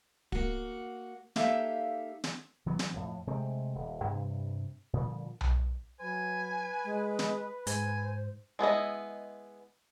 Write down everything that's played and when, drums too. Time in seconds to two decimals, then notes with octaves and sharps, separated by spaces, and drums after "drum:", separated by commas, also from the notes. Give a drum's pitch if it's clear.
0.32 A#3 F#4, drum: kick D1
1.36 A#3 D#4 G4 A4 E5 F5, drum: snare
2.24 drum: snare
2.66 E3 F#3 B3
2.79 drum: snare
2.94 F2 A2 F3
3.27 C3 G#3 A3 C4
3.75 D#1
4.04 G2 C3
4.93 A#2 D3 F3 G3
5.41 drum: tom B1
6.00 F#3 B4 G#5
6.85 G#3
7.19 drum: snare
7.67 G#2 C5 G#5, drum: hi-hat
8.59 G#3 B3 E4 D#5